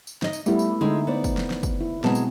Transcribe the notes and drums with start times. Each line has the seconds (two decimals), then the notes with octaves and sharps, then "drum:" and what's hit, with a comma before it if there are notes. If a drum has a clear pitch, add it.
0.07 drum: tambourine
0.22 D#4 D#5, drum: snare
0.33 drum: tambourine
0.46 G3 A3 B3 E4, drum: tambourine
0.59 drum: tambourine
0.81 D3 G#3 C4 D#4 E4
1.07 B3 C5 D5
1.24 drum: kick, tambourine
1.37 drum: snare
1.50 drum: snare
1.63 drum: kick, tambourine
1.81 E4
2.04 B2 F#3 G#3 B3 C4 A5, drum: snare
2.15 drum: tambourine